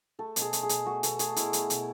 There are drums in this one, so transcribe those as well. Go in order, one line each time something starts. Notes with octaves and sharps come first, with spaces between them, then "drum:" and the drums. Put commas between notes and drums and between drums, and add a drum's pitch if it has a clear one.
A3 A4
B2, drum: hi-hat
G#4
A3, drum: hi-hat
G#4
B2, drum: hi-hat
A3 F#4
B2 A4, drum: hi-hat
A3 G#4, drum: hi-hat
B2 E4, drum: hi-hat
A3, drum: hi-hat
B2, drum: hi-hat